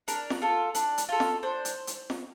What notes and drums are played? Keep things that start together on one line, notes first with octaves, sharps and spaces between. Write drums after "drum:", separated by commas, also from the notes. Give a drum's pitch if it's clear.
D4 A#4, drum: hi-hat
drum: snare
F4 A4
D4, drum: hi-hat
drum: hi-hat
F4 A4
drum: snare
D4 C5
drum: hi-hat
drum: hi-hat
drum: snare